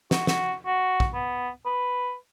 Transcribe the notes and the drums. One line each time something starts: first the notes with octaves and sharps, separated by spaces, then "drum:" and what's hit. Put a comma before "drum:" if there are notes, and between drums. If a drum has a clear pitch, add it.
F#4, drum: snare
F#4, drum: snare
F#4
drum: kick
B3
B4